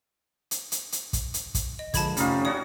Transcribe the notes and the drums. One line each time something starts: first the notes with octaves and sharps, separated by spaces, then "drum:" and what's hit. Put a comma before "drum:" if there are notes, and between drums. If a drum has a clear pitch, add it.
drum: hi-hat
drum: hi-hat
drum: hi-hat
drum: kick, hi-hat
drum: hi-hat
drum: kick, hi-hat
D#5
D3 F3 G#3 A5 B5 G#6, drum: kick, hi-hat
F2 C3 G3 A3 C#4 D#4 F4, drum: hi-hat
D4 F#4 C#5 D5 D#6